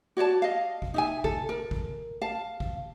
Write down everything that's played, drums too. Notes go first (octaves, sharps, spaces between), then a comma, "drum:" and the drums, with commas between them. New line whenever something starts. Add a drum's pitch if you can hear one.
F#4 C#5 D5 A5
D#5 F5
drum: kick G#1
D#4 E5 G#5
A4, drum: kick G#1
A#4
drum: kick G#1
F5 A5
drum: kick G#1